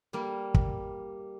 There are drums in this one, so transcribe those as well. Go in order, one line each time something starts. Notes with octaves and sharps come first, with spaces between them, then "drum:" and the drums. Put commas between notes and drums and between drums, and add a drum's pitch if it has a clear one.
G3 A#3
drum: kick